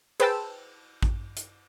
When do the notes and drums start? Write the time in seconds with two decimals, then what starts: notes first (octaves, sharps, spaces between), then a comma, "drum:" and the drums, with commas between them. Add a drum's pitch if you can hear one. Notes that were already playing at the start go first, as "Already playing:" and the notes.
0.20 G#4 B4 C5 G5 A5 E6, drum: cymbal
1.03 drum: kick A1
1.37 drum: hi-hat